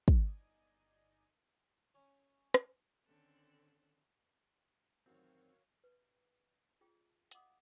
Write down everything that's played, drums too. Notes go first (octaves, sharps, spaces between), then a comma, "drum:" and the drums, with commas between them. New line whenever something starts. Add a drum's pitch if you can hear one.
G1 D#4 D5 D#5 G#5, drum: kick
C#4
drum: rim click
D3 D#3 C4 C#4 A4 F#6
A1 F#2 D#3 C4 F#4 A#4 C#5 F5
B4
F4 G#4 G5
D#5 F5 F#5 D6 D#6, drum: hi-hat